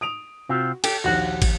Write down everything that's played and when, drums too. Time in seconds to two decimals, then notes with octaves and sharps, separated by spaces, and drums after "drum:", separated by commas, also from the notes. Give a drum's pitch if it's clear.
0.01 D#6 D7 F7
0.49 C3 C4 F4 F#4
0.84 G4 A4, drum: cymbal
1.04 A#1 D#2 F#4 F#5
1.42 drum: kick, cymbal